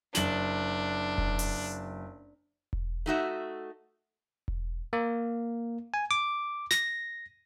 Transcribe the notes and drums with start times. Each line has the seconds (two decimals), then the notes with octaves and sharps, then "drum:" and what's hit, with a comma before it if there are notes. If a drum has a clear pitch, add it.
0.15 F#1 D4 F#7, drum: snare
1.18 drum: kick E1
1.39 drum: open hi-hat
2.73 drum: kick E1
3.06 A3 D#4 F#4 E5
4.48 drum: kick E1
4.93 A#3
5.94 G#5
6.11 D6
6.71 A#6, drum: snare